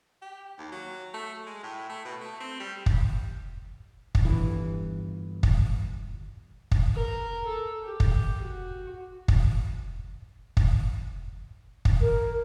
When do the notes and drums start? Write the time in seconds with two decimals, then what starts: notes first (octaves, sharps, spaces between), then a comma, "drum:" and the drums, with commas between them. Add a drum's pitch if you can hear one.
0.22 G4
0.58 D#2
0.72 F#3
1.14 A3
1.47 G#3
1.63 A2
1.90 A3
2.05 B2
2.21 A3
2.40 C4
2.60 G3
2.86 drum: kick
4.15 drum: kick
4.25 G1 E3
5.43 drum: kick
6.72 drum: kick
6.95 A#4
7.46 A4
7.84 G4
8.00 drum: kick
8.43 F#4
9.28 drum: kick
10.57 drum: kick
11.85 drum: kick
12.01 A#4